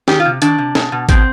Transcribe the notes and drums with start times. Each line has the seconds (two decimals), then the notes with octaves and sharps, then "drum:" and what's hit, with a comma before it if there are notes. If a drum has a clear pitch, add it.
0.08 D#3 G4, drum: snare
0.20 F4
0.25 C3
0.42 D#3 D4, drum: hi-hat
0.58 C3
0.75 B2, drum: snare
0.92 B2
1.09 B2 C4, drum: kick G#1, hi-hat